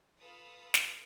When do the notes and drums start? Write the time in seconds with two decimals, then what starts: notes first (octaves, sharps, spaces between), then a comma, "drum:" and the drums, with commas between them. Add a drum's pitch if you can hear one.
0.20 F4 A4 B4 F5 B5 D#6
0.74 drum: snare